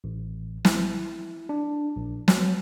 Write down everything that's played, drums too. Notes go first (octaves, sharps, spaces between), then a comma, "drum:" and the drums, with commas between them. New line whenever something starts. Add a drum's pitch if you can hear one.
A1
E4, drum: snare
D4
A#1
F#3, drum: snare